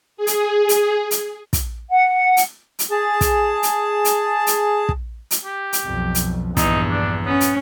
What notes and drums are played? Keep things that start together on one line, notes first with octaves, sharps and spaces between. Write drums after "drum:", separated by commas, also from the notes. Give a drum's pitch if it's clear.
G#4
drum: hi-hat
drum: hi-hat
drum: hi-hat
drum: kick, hi-hat
F#5
drum: hi-hat
drum: hi-hat
G#4 A5
drum: kick, hi-hat
drum: hi-hat
drum: hi-hat
drum: hi-hat
drum: kick
drum: hi-hat
G4
drum: hi-hat
B1 F2
drum: hi-hat
A#1 E2 G2 D#4, drum: kick, hi-hat
D4
B3 C#4
drum: hi-hat